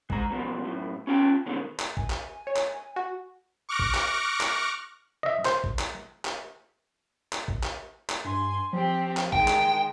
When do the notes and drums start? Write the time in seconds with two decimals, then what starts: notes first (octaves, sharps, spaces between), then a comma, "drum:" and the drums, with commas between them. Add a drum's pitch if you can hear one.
0.10 G#3 A#5, drum: kick
0.30 E2 B2 F3
0.64 F#2 A2
1.07 C#4 E4 F4 G5 A5
1.46 D#2 B2 D3 D#3 G#3 C#4
1.80 drum: clap
1.97 G#5, drum: kick
2.10 drum: clap
2.47 C#5
2.56 drum: clap
2.96 F#4
3.69 C#6 D6 F6 F#6 A#6
3.79 drum: kick
3.95 drum: clap
4.41 drum: clap
5.23 D#5 E5
5.45 C5, drum: clap
5.64 drum: kick
5.79 drum: clap
6.25 drum: clap
7.33 drum: clap
7.48 drum: kick
7.64 drum: clap
8.10 drum: clap
8.25 G2 G#5 C6
8.73 F3 C4 G4
9.17 drum: clap
9.33 D#3 G#3 G5 A5, drum: kick
9.48 drum: clap